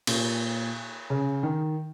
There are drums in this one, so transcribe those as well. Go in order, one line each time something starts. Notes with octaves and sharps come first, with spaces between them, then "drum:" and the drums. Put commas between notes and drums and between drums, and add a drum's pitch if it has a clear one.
A#2, drum: cymbal
C#3
D#3